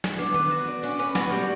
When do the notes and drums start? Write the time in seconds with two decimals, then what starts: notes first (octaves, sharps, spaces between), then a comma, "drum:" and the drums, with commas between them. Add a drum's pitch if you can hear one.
0.04 drum: snare
0.18 B3 D4
0.34 B4, drum: tom D#3
0.51 F#4
0.67 D5
0.83 C#4 D4
0.99 C#4 B4
1.15 B3 F#4, drum: snare
1.32 G3 D5